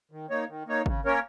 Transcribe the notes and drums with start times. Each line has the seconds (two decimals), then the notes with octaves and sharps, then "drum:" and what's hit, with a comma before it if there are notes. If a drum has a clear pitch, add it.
0.11 D#3
0.30 A#3 D#4 C#5
0.48 D#3
0.67 A#3 D#4 C#5
0.86 C#3, drum: kick G#1
1.05 A#3 C#4 A#4 C#5